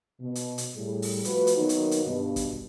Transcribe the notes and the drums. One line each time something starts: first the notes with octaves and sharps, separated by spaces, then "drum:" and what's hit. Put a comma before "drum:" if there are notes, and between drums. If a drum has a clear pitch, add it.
B2
drum: hi-hat
drum: hi-hat
A2 G3 G#4
drum: open hi-hat
F3 A3 F#4 B4, drum: hi-hat
drum: hi-hat
D#3 F#3 A#3 B3 D#4
drum: hi-hat
drum: hi-hat
G2 B2
drum: kick, hi-hat